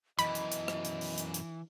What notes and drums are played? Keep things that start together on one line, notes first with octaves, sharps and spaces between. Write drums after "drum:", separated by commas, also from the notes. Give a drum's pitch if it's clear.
F#2 B2 E3 D#5 B5, drum: hi-hat
drum: hi-hat
drum: hi-hat
drum: rim click
drum: hi-hat
drum: open hi-hat
drum: hi-hat
drum: hi-hat